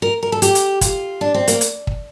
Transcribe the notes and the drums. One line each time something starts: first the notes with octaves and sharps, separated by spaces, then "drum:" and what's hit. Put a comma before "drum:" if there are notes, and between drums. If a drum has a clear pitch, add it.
A#4
A#4
A4
G4, drum: hi-hat
drum: hi-hat
F4, drum: kick, hi-hat
D4
C4
A#3, drum: hi-hat
drum: hi-hat
drum: kick